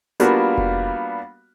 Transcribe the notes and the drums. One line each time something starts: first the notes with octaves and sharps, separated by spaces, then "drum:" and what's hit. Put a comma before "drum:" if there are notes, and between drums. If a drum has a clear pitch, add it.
G3 A#3 B3 D4 F4 F#4, drum: hi-hat
drum: kick F1